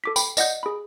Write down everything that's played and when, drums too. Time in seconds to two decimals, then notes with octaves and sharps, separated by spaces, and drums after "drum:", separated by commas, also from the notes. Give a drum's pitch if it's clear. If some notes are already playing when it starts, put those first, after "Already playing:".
0.04 A4 D6 B6
0.16 G5 B5, drum: tambourine
0.37 D5 D#5 F#5 G6, drum: tambourine
0.63 G#4 B5